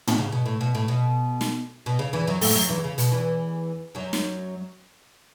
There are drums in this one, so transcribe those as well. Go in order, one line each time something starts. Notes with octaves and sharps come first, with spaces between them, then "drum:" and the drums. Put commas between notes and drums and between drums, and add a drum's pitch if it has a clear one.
drum: tom
C#3
B2
A2
B2
A2
B2
drum: snare
B2
C#3
E2 E3
F#2 F#3
A2 A3, drum: open hi-hat
F#2 F#3
E2 E3
C#3
B2, drum: hi-hat
E2 E3
F#2 F#3
drum: snare